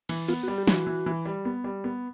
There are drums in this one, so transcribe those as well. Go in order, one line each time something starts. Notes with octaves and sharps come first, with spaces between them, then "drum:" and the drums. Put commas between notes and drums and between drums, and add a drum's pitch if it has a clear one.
E3, drum: cymbal
B3 F4, drum: open hi-hat
F#4
G3
G4
E3 F#4, drum: snare
E3
E3
G3
B3
G3
B3